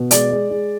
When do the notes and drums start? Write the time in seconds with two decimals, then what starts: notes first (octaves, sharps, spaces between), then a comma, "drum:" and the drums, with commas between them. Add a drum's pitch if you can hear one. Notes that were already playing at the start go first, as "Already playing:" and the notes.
Already playing: B2
0.11 G#3 D5, drum: hi-hat
0.31 G#3
0.50 G#3